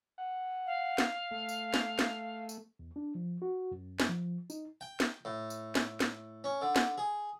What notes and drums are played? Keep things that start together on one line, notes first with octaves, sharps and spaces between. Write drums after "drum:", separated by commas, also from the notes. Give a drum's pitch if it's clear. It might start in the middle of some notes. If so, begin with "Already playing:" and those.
F#5
F5
drum: snare
A3
drum: tambourine
drum: snare
drum: snare
drum: tambourine
E2
D4
F3
F#4
F#2
drum: snare
F3
D#4, drum: tambourine
G5
drum: snare
A2
drum: tambourine
drum: snare
drum: snare
C#4
D3
drum: snare
G#4